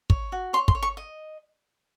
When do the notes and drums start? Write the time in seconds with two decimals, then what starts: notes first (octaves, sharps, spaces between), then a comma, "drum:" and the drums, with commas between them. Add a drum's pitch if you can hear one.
0.10 C#5, drum: kick
0.32 F#4
0.53 C#5 C6
0.68 C6, drum: kick
0.75 C#5
0.82 C#6
0.97 D#5